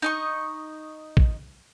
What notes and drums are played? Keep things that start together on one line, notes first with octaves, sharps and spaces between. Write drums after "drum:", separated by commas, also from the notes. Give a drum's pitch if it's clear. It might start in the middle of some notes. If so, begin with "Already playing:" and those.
D#4 D#5 C#6
drum: kick